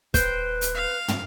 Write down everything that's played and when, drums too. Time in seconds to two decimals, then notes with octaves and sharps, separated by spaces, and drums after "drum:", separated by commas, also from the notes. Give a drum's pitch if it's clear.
0.14 D#1 B4 C5 G5, drum: kick, hi-hat
0.61 drum: hi-hat
0.74 F5
1.08 drum: tom